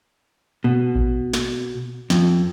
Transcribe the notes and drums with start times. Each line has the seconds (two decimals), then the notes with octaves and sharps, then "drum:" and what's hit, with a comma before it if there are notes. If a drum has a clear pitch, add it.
0.64 B2
0.95 drum: kick A1
1.34 drum: snare
2.10 F2, drum: snare